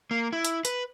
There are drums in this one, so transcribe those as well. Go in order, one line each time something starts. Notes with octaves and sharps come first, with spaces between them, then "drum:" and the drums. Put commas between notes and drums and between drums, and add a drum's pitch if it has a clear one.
A#3
E4
drum: hi-hat
B4, drum: hi-hat